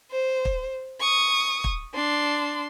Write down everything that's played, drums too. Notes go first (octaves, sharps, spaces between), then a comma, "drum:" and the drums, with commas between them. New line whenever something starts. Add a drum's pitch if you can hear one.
C5
drum: kick
C#6 D#6
drum: kick
D4 C6